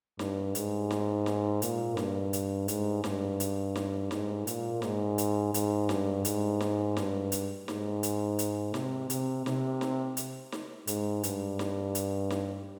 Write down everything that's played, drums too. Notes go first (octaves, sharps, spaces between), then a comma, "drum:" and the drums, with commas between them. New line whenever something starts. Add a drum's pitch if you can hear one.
G2, drum: snare
G#2, drum: hi-hat
drum: snare
drum: snare
A#2, drum: hi-hat
G2, drum: snare
drum: hi-hat
G#2, drum: hi-hat
G2, drum: snare
drum: hi-hat
drum: snare
G#2, drum: snare
A#2, drum: hi-hat
G#2, drum: snare
drum: hi-hat
G#2, drum: hi-hat
G2, drum: snare
G#2, drum: hi-hat
drum: snare
G2, drum: snare
drum: hi-hat
G#2, drum: snare
drum: hi-hat
drum: hi-hat
C3, drum: snare
C3, drum: hi-hat
C3, drum: snare
drum: snare
drum: hi-hat
drum: snare
G#2, drum: hi-hat
G2, drum: hi-hat
drum: snare
drum: hi-hat
drum: snare